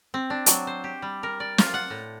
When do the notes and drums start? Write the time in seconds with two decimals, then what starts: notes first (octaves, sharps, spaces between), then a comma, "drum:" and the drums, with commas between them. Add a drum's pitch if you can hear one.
0.14 C4
0.30 D4
0.46 F#3, drum: hi-hat
0.67 C5
0.84 G4
1.02 G3
1.23 A#4
1.40 D5
1.58 F4, drum: snare
1.74 F#5
1.90 A2